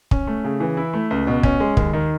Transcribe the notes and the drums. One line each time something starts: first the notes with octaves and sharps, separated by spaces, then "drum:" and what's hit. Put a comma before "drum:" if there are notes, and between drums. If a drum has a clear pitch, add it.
C#4, drum: kick
A3
C#3
E3
E4
A3
C#2
B2
C#4, drum: kick
G#3
D#2, drum: kick
D#3